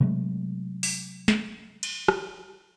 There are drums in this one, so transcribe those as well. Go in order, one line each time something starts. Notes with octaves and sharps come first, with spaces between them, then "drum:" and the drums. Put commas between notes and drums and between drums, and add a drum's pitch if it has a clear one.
C3 F#3 G#3 A3
drum: open hi-hat
drum: snare
drum: cymbal
drum: rim click